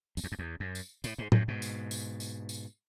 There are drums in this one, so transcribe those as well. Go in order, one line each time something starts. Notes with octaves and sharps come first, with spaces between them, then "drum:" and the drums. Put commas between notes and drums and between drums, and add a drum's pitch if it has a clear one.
F#2, drum: tambourine
E2
F#2
E2
F#2
drum: tambourine
A2, drum: tambourine
G#2
F#2 A2, drum: tom A2
G#2 B2
drum: tambourine
drum: tambourine
drum: tambourine
drum: tambourine